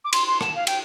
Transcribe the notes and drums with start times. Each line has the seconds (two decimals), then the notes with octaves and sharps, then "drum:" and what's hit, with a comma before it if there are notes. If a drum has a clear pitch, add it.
0.04 D6
0.13 C6, drum: cymbal
0.27 C6
0.41 A5, drum: rim click
0.55 F5
0.67 G5, drum: cymbal